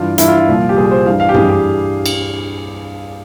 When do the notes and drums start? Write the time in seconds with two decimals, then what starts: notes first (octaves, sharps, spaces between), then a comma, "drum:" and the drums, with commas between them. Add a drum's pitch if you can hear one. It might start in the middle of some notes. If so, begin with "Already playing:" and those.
Already playing: G2 E3 F4
0.18 G2 E3 E4, drum: hi-hat
0.28 F4
0.38 F4
0.47 C2 A#2 F3
0.69 G4
0.76 C2 A#2 F3 G#4
0.91 C5
1.05 G2 E3 F5
1.20 F5
1.29 G4
1.34 G2 E3 G#4, drum: tom F#2
1.50 G4
2.06 drum: cymbal